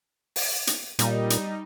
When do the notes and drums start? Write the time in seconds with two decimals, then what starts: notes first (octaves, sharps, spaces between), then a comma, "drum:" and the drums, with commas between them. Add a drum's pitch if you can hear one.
0.36 drum: open hi-hat
0.67 drum: hi-hat
0.99 A#2 G3 D#4, drum: hi-hat
1.30 drum: hi-hat